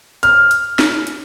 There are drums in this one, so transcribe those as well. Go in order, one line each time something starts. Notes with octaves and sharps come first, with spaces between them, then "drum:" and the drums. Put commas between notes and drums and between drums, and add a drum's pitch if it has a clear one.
F6, drum: hi-hat
drum: hi-hat
drum: snare
drum: hi-hat